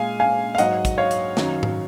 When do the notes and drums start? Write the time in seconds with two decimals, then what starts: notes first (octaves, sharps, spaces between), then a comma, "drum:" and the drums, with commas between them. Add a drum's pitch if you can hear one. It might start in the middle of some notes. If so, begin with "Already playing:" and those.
Already playing: A#2 G#3 F5 G#5
0.20 F5 G#5
0.55 F5
0.58 G#2 F#3 D#5 F#5, drum: hi-hat
0.85 drum: kick, hi-hat
0.98 C#5 F5
1.11 drum: hi-hat
1.37 F#2 D#3 F#3, drum: snare
1.63 drum: tom G#2